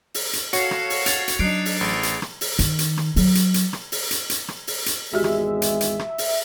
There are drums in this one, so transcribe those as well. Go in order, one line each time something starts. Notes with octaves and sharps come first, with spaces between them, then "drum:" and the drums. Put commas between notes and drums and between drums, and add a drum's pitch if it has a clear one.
drum: open hi-hat
drum: hi-hat
F#4 A4 C#5 F5 C7 C#7, drum: hi-hat
drum: rim click
drum: open hi-hat
G#6 A6 F7, drum: hi-hat
drum: hi-hat
F#3 D4 D#4 F#6 C7 D7
drum: open hi-hat
A1 G#4
drum: hi-hat
drum: rim click
drum: open hi-hat
D#3, drum: hi-hat
drum: hi-hat
drum: rim click
F#3, drum: open hi-hat
drum: hi-hat
drum: hi-hat
drum: rim click
drum: open hi-hat
drum: hi-hat
drum: hi-hat
drum: rim click
drum: open hi-hat
drum: hi-hat
G#1 E2 G#3 F#4 G4 E5
drum: rim click
drum: hi-hat
drum: hi-hat
drum: rim click
drum: open hi-hat